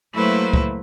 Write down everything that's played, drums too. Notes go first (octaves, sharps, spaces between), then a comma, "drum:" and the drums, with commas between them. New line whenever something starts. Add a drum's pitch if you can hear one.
F#3 A3 A#3 E4 B4 C5
drum: kick C#2